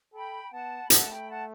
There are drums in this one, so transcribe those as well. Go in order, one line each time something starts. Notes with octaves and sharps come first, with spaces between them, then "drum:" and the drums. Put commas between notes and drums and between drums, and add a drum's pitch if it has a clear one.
A4 G5 B5
B3 F#5 A5
B5
A3 F#5 A5, drum: hi-hat
G5 B5
F#5 A5